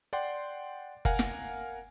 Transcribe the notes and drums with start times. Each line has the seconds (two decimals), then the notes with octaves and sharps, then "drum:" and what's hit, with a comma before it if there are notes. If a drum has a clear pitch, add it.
0.13 D5 F#5 G5 C6
1.05 A#4 F5 F#5 G#5, drum: kick F#1
1.19 drum: snare